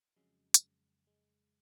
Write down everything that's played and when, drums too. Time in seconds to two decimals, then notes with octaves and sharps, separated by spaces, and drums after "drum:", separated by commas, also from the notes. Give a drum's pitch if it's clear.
0.16 F2 C#3 F#3 G#3
0.54 drum: hi-hat
1.07 G#3